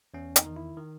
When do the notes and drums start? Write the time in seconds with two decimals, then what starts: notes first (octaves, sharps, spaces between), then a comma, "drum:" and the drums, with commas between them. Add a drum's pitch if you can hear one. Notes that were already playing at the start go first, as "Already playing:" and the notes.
0.14 E2 C#4
0.36 D#4, drum: hi-hat
0.46 D#3
0.56 E4
0.77 D#3